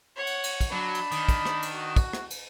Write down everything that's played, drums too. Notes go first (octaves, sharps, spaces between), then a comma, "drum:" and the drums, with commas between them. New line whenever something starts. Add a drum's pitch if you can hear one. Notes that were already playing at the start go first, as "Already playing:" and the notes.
C#5 F#5
drum: cymbal
drum: cymbal
drum: kick, cymbal
F#3 D4 B5
drum: cymbal
D#3, drum: cymbal
drum: kick, cymbal
drum: rim click
drum: cymbal
F#4
drum: kick, cymbal
drum: rim click
drum: cymbal